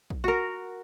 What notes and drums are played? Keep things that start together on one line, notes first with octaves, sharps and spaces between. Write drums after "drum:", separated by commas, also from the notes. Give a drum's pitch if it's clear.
drum: kick A#1
F#4 A#4